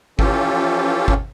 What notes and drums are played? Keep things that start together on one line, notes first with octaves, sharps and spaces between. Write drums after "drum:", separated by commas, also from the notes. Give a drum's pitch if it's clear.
E3 F3 C#4 F4 G4 A4, drum: kick G1
drum: kick G1